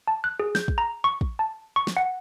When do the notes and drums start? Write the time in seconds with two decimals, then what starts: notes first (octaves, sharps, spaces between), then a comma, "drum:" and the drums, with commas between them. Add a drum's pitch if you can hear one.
0.08 A5
0.24 F#6
0.40 G#4
0.55 G6, drum: snare
0.68 drum: kick
0.78 A#5
1.04 C#6
1.21 drum: kick
1.39 A5
1.76 C#6
1.87 drum: snare
1.97 F#5